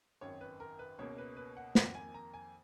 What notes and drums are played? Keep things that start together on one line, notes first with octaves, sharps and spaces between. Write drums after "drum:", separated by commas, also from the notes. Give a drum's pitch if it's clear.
G#1 F#2 D#3 C#5
B4
A#4
B4
C#2 B2 A#3 C#4 C#5
B4
B4
F#5
F2 D#3 A#3 F#5, drum: snare
G#5
A#5
G#5